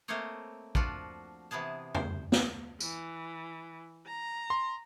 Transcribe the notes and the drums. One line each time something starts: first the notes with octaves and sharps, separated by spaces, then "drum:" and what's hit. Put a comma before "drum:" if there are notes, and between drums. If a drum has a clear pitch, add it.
A3 A#3 C4 C5 C#5 D#5
F3 D4 F4 F#4, drum: kick
C3 E3 B3 G#4 A5
C5, drum: tom F2
drum: snare
E3, drum: tambourine
A#5
C6